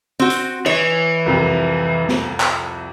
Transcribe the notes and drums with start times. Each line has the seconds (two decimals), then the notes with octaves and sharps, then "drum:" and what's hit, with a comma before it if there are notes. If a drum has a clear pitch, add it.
0.19 C4 F#4
0.30 drum: hi-hat
0.66 E3 C#5 D#5
1.26 C2 F2 C3
2.09 drum: snare
2.40 drum: clap